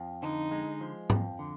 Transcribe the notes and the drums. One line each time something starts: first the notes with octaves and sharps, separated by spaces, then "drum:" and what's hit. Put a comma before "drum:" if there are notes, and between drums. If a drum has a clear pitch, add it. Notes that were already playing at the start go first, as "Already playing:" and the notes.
Already playing: F2 F3
D3 D#4
G#3
F3
F2, drum: tom G#2
D3